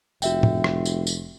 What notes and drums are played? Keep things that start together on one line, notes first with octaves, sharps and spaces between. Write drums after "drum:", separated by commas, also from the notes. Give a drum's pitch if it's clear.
F1 F#4 E5 G5, drum: tambourine
drum: tom A2
drum: rim click
drum: tambourine
drum: tambourine